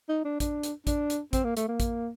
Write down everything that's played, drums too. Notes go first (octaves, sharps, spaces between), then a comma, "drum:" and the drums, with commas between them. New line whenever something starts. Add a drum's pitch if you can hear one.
D#4
D4
D4, drum: kick A1, hi-hat
drum: hi-hat
D4, drum: kick A1, hi-hat
drum: hi-hat
C4, drum: kick A1, hi-hat
A#3
A3, drum: hi-hat
A#3
drum: kick A1, hi-hat